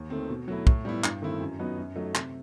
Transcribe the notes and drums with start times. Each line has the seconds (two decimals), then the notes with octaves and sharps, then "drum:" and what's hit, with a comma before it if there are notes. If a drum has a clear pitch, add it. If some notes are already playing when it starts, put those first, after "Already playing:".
Already playing: D#2
0.10 D#3 A3 C4
0.29 B2
0.48 F#3 A3 E4
0.67 A2, drum: kick
0.85 G3 B3 E4
1.04 G2, drum: clap
1.22 D#3 A3 C4 E4
1.41 F#2
1.59 F#3 B3 D#4
1.78 F#2
1.96 F#3 A3 D#4
2.15 C3, drum: clap